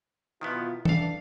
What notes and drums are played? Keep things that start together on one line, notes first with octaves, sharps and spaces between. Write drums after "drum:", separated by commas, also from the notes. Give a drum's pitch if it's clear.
B2 D#3 F3 B3 E4 F4
E3 D4 A4 F5, drum: tom E3